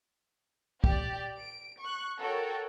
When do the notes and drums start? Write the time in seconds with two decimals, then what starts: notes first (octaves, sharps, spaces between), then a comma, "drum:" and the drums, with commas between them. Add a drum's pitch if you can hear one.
0.84 G4 D5, drum: kick
1.40 D7
1.82 C#6 F#6
2.21 F#4 A4 A#4 C#5 G5